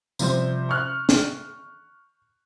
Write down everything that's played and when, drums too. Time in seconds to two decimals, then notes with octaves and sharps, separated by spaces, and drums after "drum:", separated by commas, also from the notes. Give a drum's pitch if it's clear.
0.19 C3 F3 G3 C5, drum: tambourine
0.69 C#6 F6 F#6
1.09 drum: snare